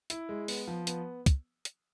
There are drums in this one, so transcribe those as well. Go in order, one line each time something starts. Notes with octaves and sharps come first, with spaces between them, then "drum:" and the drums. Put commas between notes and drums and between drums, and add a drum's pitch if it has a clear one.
E4, drum: hi-hat
G#3
B3, drum: open hi-hat
F3
B3, drum: hi-hat
drum: kick, hi-hat
drum: hi-hat